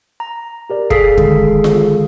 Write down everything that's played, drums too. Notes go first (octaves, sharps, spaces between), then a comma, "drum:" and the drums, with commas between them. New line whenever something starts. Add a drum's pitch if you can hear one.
A#5
G4 A#4 D5
G1 G#4 A4 F5 B6 C7, drum: kick
D3 D#3 G#3, drum: kick
drum: snare F4